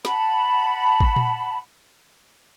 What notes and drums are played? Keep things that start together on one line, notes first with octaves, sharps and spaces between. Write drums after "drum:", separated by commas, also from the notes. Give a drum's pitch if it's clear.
F#5 A5 B5, drum: snare
drum: kick G#1
drum: tom A#2